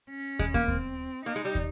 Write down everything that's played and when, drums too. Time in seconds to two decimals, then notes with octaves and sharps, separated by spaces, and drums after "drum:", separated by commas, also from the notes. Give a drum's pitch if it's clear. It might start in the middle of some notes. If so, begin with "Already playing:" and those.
0.10 C#4
0.39 G#3, drum: kick
0.54 A#3, drum: kick
0.68 C4, drum: kick
1.25 A#3 D#4
1.36 G#3
1.45 G3
1.55 drum: kick